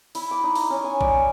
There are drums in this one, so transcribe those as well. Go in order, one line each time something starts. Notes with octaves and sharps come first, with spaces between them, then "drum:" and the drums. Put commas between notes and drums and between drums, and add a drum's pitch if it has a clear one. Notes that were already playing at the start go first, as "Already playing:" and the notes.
E4, drum: open hi-hat
D6
D#4
A#5, drum: open hi-hat
C#4
G#5
D5, drum: kick
G#5